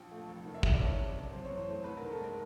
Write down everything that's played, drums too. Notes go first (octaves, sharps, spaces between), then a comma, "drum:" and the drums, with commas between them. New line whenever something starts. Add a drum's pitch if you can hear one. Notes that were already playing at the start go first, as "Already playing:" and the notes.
Already playing: A#1 F3 G5
A3
F1
D#3
E5
F1, drum: kick
D5
F#1 C#5
C3
F#1
F#2 C5
E3 C#5
C5
A3
C2 B4
A#4
D#3
A4
G#3 A#4